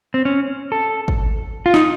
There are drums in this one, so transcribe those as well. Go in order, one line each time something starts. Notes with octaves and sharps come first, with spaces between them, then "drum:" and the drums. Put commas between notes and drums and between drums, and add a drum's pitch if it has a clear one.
C4
C#4
A4
drum: kick
F4
D#4, drum: snare